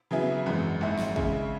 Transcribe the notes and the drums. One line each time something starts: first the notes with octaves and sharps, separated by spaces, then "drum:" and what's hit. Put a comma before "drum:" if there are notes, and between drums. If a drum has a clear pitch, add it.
C#3 F#3 B3 E4 G#4
G#1 F#2 E3 G#3
G#1 G#2 G#3 E4
drum: snare
C#3 G#3 E4, drum: kick